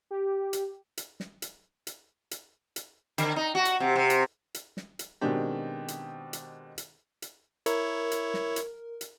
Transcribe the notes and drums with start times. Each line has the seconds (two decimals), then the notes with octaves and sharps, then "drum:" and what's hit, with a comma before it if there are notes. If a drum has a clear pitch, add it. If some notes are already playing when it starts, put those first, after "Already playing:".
0.11 G4
0.53 drum: hi-hat
0.97 drum: hi-hat
1.20 drum: snare
1.42 drum: hi-hat
1.87 drum: hi-hat
2.31 drum: hi-hat
2.76 drum: hi-hat
3.18 D3, drum: hi-hat
3.36 D#4
3.55 F#4
3.65 drum: hi-hat
3.80 C3
3.96 C3
4.10 drum: hi-hat
4.54 drum: hi-hat
4.77 drum: snare
4.99 drum: hi-hat
5.21 B2 D#3 G#3 C4 D4 G4
5.88 drum: hi-hat
6.33 drum: hi-hat
6.78 drum: hi-hat
7.22 drum: hi-hat
7.66 E4 A#4 C#5, drum: hi-hat
8.11 drum: hi-hat
8.34 drum: snare
8.56 drum: hi-hat
9.01 drum: hi-hat